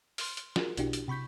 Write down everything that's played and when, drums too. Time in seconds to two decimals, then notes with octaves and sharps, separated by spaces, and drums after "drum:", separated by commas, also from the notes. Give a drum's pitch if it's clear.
0.18 C6 F6, drum: open hi-hat
0.37 drum: hi-hat
0.56 F4 F#4 G#4 A#4, drum: snare
0.77 B1 B2 D4 E4 F#4 G4, drum: hi-hat
0.93 drum: hi-hat
1.08 C3 B5 C#6 G6 B6